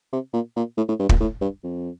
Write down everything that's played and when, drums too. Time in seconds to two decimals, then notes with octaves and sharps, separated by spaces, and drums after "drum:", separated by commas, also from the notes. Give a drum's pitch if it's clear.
0.13 C3
0.34 A#2
0.56 A#2
0.78 A2
0.89 A2
0.99 G2
1.09 A#2, drum: kick
1.20 A2
1.41 G2
1.64 F2